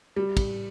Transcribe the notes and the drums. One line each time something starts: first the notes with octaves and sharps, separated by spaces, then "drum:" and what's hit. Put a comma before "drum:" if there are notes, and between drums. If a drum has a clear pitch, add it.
G3
drum: kick, cymbal